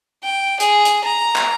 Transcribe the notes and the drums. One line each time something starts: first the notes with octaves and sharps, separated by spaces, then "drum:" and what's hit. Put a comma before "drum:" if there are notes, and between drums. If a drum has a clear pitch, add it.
G5
G#4, drum: hi-hat
drum: hi-hat
A#5
drum: clap